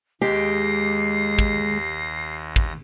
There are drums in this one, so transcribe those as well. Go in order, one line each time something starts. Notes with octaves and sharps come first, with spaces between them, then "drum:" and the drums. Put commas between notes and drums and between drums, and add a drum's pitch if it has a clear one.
D#2 G#3 G4 A#6 C7
drum: kick
drum: kick